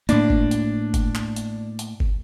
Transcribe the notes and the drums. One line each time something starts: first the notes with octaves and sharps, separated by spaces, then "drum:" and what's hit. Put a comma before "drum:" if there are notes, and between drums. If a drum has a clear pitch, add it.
A2 A#3 D4, drum: hi-hat
drum: kick G1
drum: hi-hat
drum: kick G1, hi-hat
drum: clap
drum: hi-hat
drum: hi-hat
drum: kick G1